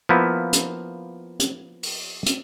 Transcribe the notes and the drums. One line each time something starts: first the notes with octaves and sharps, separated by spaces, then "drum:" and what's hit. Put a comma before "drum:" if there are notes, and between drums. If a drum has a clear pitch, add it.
F3 A#3 B3 E4
drum: hi-hat
drum: hi-hat
drum: open hi-hat
drum: hi-hat